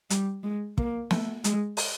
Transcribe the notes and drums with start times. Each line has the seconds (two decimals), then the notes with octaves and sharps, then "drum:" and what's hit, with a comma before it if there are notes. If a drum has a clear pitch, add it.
0.10 G3, drum: hi-hat
0.44 G#3
0.78 A#3, drum: kick
1.11 A3, drum: snare
1.44 G#3, drum: hi-hat
1.77 drum: open hi-hat